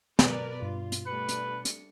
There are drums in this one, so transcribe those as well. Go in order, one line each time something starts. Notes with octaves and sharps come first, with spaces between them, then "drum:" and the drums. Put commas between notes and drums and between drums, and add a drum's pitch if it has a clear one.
B2 A#4 B4 D5, drum: snare
G2 F4
drum: hi-hat
G3 A3 D4 B4 C#7
drum: hi-hat
drum: hi-hat